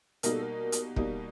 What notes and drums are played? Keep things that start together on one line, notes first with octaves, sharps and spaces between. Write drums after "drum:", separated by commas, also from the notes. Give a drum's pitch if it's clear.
B2 G3 A#3 D#4 A#4, drum: hi-hat
A4
A#4
drum: hi-hat
B2 G3 A#3 D#4, drum: kick